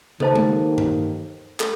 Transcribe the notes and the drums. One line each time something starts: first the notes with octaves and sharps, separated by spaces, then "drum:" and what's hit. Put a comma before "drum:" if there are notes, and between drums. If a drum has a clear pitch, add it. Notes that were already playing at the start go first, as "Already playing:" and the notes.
D#2 D#3 A4 C5 D#5 A5, drum: tom
drum: tom G#3
drum: tom G2
A4, drum: clap